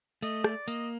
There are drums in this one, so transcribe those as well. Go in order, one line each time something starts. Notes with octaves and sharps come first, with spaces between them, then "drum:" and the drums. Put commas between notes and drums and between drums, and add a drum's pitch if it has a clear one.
A3 D#5, drum: tambourine
D5, drum: rim click
A#3 D#5, drum: tambourine